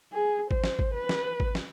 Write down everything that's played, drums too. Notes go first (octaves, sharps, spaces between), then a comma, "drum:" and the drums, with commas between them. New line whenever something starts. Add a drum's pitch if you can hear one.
G#4
C5, drum: kick G#1
drum: snare
drum: kick G#1
B4
drum: snare
drum: kick G#1
drum: snare